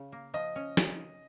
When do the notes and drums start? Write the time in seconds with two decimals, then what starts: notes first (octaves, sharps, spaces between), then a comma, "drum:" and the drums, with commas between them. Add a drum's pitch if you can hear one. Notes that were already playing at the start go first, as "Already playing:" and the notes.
Already playing: C#3
0.12 A#3
0.34 F3 D#5
0.56 C#4
0.77 drum: snare